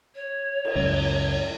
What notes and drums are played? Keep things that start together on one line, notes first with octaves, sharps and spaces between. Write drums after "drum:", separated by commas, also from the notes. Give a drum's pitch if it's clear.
C#5
drum: cymbal
C#2 F#2